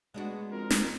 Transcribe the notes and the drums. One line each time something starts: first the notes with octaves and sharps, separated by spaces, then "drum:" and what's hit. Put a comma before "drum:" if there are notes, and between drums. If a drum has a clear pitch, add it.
G#3 B3 D4 F#4
F2 A#4
drum: snare